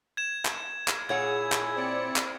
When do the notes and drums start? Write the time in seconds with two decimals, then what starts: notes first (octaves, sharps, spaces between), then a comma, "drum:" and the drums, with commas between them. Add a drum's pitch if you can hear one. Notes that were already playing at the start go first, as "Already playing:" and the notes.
0.17 G#6 E7
0.45 drum: clap
0.88 drum: clap
1.09 A#2 E4 G#4 C#5 F#5 G#5 G#6
1.52 drum: clap
1.75 C4 D5 C#7
2.16 drum: clap